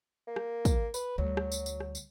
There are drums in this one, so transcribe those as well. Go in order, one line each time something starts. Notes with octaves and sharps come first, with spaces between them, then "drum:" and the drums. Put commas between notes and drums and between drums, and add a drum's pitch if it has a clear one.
A#3
drum: rim click
drum: kick, tambourine
B4, drum: tambourine
D2 F#3 G3
drum: rim click
drum: tambourine
drum: tambourine
drum: rim click
drum: tambourine